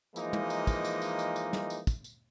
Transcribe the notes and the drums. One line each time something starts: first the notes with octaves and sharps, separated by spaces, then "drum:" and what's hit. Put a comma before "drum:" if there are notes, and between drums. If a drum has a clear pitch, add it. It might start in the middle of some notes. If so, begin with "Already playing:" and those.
E3 F3 G#3 A#3 D#4, drum: tambourine
drum: tom
drum: tambourine
drum: kick, tambourine
drum: tambourine
drum: tambourine
drum: tambourine
drum: tambourine
drum: snare
drum: tambourine
drum: kick, tambourine
drum: tambourine